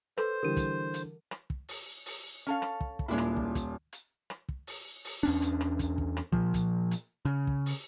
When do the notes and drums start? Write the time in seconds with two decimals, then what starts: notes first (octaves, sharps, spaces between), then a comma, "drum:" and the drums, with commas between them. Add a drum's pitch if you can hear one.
0.17 A4 B4 C5, drum: rim click
0.43 D3 E3 G3 A#4 D#7
0.57 drum: kick, hi-hat
0.94 drum: hi-hat
1.31 drum: rim click
1.50 drum: kick
1.69 drum: open hi-hat
2.06 drum: open hi-hat
2.47 C#4 A4 F5
2.62 drum: rim click
2.81 drum: kick
2.99 drum: kick
3.08 D#1 A#2 G#3 D4 E4
3.18 drum: rim click
3.37 drum: kick
3.55 drum: kick, hi-hat
3.93 drum: hi-hat
4.30 drum: rim click
4.49 drum: kick
4.67 drum: open hi-hat
5.05 drum: open hi-hat
5.23 E2 C#4 D4
5.42 drum: hi-hat
5.61 drum: rim click
5.79 drum: kick, hi-hat
5.98 drum: kick
6.17 drum: rim click
6.32 A#2 F3, drum: kick
6.54 drum: kick, hi-hat
6.91 drum: hi-hat
7.25 C#3
7.47 drum: kick
7.66 drum: open hi-hat